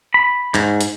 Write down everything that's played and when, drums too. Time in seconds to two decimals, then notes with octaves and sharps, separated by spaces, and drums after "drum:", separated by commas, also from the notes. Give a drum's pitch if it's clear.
0.14 B5
0.55 G#2, drum: clap
0.81 drum: hi-hat